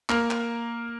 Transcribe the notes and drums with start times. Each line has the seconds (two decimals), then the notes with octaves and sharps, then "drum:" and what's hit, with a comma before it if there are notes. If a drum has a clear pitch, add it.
0.09 A#3 A#4, drum: clap
0.31 drum: clap